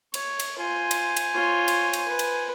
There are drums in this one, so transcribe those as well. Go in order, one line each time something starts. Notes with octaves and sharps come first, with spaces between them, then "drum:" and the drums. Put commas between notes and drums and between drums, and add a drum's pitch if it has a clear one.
C#5, drum: cymbal
drum: cymbal
F4 C5 G#5
drum: cymbal
drum: cymbal
F4 C#5
drum: cymbal
drum: cymbal
B4
drum: cymbal